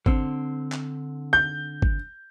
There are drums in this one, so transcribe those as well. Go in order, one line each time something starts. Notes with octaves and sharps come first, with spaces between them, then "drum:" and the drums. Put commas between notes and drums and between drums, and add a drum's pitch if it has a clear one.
D3 C4, drum: kick
drum: clap
G6
drum: kick